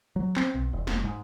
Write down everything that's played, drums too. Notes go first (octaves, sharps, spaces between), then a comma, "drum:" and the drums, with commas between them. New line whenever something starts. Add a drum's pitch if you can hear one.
F#3
C4, drum: clap
B1
E1
F1, drum: snare
G#2